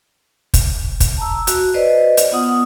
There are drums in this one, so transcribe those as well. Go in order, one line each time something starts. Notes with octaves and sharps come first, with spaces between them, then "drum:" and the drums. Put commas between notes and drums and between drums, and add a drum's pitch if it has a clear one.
drum: kick, hi-hat
drum: kick, hi-hat
A5 A#5 E6
F#4, drum: hi-hat
B4 C5 D5 D#5
drum: hi-hat
B3 F4 F#5 D#6